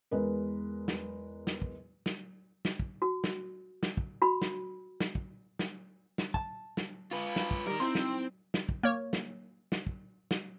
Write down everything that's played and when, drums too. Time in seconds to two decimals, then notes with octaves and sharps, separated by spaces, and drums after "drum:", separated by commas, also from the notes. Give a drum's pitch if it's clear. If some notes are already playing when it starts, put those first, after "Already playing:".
0.11 E2 G#3 A#4 B4
0.88 drum: snare
1.47 drum: snare
1.62 drum: kick
2.06 drum: snare
2.65 drum: snare
2.80 drum: kick
3.02 F#4
3.24 drum: snare
3.83 drum: snare
3.97 drum: kick
4.22 F#4 B5
4.42 drum: snare
5.00 drum: snare
5.15 drum: kick
5.59 drum: snare
6.18 drum: snare
6.34 A5, drum: kick
6.77 drum: snare
7.11 F4 B4
7.36 drum: snare
7.51 drum: kick
7.67 D#3 G3 A#4
7.80 C4 D#4 E4 C6
7.95 drum: snare
8.54 drum: snare
8.69 drum: kick
8.83 A#3 C#5
9.13 drum: snare
9.72 drum: snare
9.87 drum: kick
10.31 drum: snare